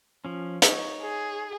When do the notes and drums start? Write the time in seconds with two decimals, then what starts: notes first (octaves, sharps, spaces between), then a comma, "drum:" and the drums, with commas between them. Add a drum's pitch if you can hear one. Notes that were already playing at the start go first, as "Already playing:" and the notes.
0.25 F3 C#4
0.62 D#4 C#5, drum: hi-hat
1.03 G#4